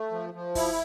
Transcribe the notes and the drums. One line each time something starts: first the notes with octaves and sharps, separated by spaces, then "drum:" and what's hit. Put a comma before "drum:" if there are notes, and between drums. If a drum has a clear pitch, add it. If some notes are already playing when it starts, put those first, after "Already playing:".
Already playing: A3
F3
F3
E4, drum: kick, open hi-hat